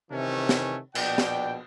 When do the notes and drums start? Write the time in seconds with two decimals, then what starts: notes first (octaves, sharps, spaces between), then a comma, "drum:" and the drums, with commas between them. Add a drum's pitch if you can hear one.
0.11 C3 D#3 E3 A3 C#4
0.49 drum: snare
0.95 A#1 B2 D5 G5, drum: cymbal
1.18 drum: snare